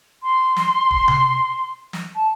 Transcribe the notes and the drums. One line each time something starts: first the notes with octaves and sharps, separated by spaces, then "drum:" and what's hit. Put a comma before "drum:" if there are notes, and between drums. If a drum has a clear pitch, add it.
C6
drum: snare
drum: kick D1
drum: tom C3
drum: snare
A5